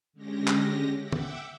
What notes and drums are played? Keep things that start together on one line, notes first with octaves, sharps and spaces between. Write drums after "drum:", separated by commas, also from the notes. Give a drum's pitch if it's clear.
D3 G#3 C#4 G4 A#6
drum: clap
E5 F#5 G5 D6 E6
drum: tom